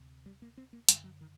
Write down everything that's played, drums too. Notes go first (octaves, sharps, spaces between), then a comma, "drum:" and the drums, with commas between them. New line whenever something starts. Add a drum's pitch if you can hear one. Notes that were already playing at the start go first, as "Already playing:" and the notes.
Already playing: D2 C3
G3
A#3
C4
A#3
F#2 D3 G3, drum: hi-hat
F#3
D#3